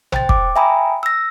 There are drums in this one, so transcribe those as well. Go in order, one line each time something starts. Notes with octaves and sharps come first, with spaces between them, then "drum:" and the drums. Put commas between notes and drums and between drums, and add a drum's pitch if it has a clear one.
C5 G5 A6, drum: tom
D6, drum: kick
E5 G5 G#5 A#5 B5 D#6
E6 A#6